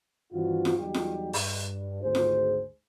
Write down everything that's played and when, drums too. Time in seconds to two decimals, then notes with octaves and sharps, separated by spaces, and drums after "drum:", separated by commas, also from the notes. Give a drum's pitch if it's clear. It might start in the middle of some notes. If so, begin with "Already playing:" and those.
0.33 G2 D#3 E3 C4 F4 F#4
0.65 drum: snare F4
0.78 E2 F#3 G3 D#4 G4
0.94 drum: snare F4
1.33 G2, drum: open hi-hat
2.02 G#1 D2 G#2 G#4 C5
2.15 drum: snare F4